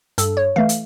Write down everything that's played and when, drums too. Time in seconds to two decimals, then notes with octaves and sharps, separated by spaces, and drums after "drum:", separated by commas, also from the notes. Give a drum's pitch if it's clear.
0.18 G2 A4, drum: hi-hat
0.37 C#5
0.56 E3 A3 F5
0.69 drum: hi-hat